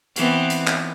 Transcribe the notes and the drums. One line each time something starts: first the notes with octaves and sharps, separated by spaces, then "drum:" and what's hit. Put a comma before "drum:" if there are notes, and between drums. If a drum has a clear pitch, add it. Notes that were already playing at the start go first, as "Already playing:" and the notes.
E3 B3 C4, drum: hi-hat
drum: hi-hat
drum: clap